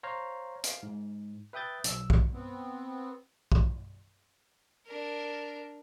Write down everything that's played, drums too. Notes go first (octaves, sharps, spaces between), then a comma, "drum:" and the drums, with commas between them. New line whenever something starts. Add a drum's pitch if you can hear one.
C5 C#5 F5 A#5
F5, drum: hi-hat
G#2
B4 E5 G5 D#6 G6 A6
B1 E6, drum: hi-hat
drum: kick
B3 C4
drum: kick
D4 A#4